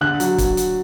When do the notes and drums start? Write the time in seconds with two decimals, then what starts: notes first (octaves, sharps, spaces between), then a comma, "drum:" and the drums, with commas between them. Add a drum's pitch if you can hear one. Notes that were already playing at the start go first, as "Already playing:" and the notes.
0.01 D3 F#6
0.20 F#3, drum: hi-hat
0.38 drum: kick, hi-hat
0.57 drum: hi-hat